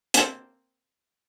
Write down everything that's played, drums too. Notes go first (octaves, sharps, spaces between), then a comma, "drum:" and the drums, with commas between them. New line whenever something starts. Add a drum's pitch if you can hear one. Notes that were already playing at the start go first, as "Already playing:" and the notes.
A#3 C4 A4, drum: hi-hat